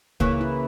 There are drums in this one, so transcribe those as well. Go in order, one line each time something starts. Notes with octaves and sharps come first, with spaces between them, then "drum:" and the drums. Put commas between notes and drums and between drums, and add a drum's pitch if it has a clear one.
C#3 E3 A#3, drum: kick C#2
E4